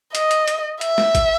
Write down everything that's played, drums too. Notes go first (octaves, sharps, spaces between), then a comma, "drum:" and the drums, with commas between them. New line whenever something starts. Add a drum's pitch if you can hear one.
D#5, drum: hi-hat
drum: hi-hat
drum: hi-hat
E5, drum: hi-hat
drum: snare
drum: kick A1, hi-hat